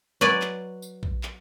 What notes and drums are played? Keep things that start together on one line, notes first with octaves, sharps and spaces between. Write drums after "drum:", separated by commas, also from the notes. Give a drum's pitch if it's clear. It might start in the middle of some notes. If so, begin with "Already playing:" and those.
F#3 B4 D5 G#5
drum: clap
drum: tambourine
drum: kick
drum: clap